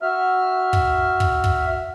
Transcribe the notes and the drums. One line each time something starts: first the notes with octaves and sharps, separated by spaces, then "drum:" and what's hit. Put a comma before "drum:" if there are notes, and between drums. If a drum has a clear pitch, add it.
F#4 E5 F6
drum: kick
drum: kick
drum: kick